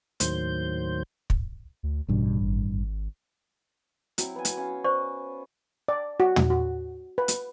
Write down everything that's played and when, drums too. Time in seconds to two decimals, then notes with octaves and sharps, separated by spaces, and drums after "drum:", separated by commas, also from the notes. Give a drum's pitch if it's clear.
0.20 D#2 A2 D#3 F#3 C5 G6, drum: hi-hat
1.30 drum: kick
1.83 D2
2.08 A1 G2 B2
2.40 G#1
4.18 F#3 C4 E4, drum: hi-hat
4.36 B3 G#5
4.45 drum: hi-hat
4.57 C#4 F5
4.84 C5 D5 C#6
5.88 D5
6.20 F#4
6.36 drum: tom
6.50 F#4
7.18 B4
7.28 drum: hi-hat